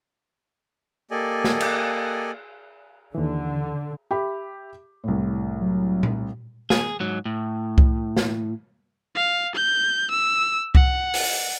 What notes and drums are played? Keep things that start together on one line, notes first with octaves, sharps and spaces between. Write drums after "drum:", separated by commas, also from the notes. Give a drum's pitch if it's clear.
A#3 G4 A4 D5 D#5 G#5
drum: snare
drum: cymbal
D#2 D3 E3
G4 E5 B5
C2 A2
F#3
drum: tom A#2
G#4, drum: snare
G#2 F#3
A2
drum: kick C2
drum: snare
F5
G6
E6
F#5, drum: kick C2
drum: open hi-hat